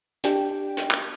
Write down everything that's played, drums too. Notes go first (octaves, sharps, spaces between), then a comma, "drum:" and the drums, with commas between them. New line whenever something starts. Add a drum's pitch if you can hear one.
D4 G4 G5, drum: hi-hat
drum: hi-hat
drum: clap